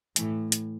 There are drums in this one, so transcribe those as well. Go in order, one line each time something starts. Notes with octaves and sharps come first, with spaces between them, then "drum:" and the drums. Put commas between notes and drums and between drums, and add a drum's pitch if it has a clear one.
A2 E3 A3, drum: hi-hat
drum: hi-hat